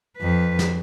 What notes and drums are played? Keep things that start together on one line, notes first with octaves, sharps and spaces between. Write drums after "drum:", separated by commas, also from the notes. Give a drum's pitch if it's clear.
F2 B4
drum: snare